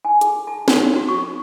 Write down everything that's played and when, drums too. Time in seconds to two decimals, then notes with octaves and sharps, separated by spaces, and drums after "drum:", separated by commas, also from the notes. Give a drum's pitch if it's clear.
0.05 G#5
0.21 G#4, drum: hi-hat
0.47 A5
0.68 D#4, drum: snare
0.96 F#4
1.09 C#6